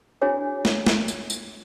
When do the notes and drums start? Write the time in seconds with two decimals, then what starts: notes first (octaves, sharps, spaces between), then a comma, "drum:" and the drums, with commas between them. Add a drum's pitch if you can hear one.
0.22 D4 E4 F#4 G#4 C#5 G#5
0.65 drum: snare
0.87 drum: snare
1.08 drum: tambourine
1.30 drum: tambourine